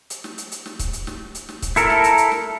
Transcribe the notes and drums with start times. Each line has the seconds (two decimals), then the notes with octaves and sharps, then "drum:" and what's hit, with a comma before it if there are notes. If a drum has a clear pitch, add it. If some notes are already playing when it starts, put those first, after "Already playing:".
0.10 drum: hi-hat
0.24 drum: snare
0.38 drum: hi-hat
0.52 drum: hi-hat
0.66 drum: snare
0.79 drum: kick C#1, hi-hat
0.93 drum: hi-hat
1.07 drum: snare
1.35 drum: hi-hat
1.49 drum: snare
1.62 drum: kick C#1, hi-hat
1.76 E4 A4 A#4, drum: hi-hat
1.90 drum: snare
2.04 drum: hi-hat
2.18 drum: hi-hat
2.32 drum: snare